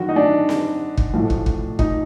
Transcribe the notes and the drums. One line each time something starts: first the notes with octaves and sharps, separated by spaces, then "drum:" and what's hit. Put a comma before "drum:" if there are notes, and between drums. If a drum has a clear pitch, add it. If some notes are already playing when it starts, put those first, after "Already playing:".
Already playing: F#2 D#3 F#3 F#4
D#4
D4
drum: snare C4
drum: kick
B1 A2 F3 A3
drum: kick
drum: kick
D#4, drum: kick